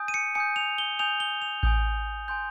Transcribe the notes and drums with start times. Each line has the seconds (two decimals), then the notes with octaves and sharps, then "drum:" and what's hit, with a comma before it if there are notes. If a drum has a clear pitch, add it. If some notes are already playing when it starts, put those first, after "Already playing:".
Already playing: G#5 D#6 G6
0.08 D#7
0.14 C#7
0.35 G#5 D#6 G6 C#7
0.56 F7
0.78 G7
0.99 G#5 D#6 G6 F7
1.20 G7
1.42 F7
1.63 G#5 D#6 G6, drum: kick A1
2.28 G#5 C6 G6